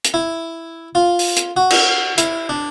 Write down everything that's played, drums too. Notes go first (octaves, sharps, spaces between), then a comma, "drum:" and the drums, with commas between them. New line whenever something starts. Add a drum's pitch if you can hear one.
drum: hi-hat
E4
F4
drum: open hi-hat
drum: hi-hat
F#4
drum: cymbal
E4, drum: hi-hat
D4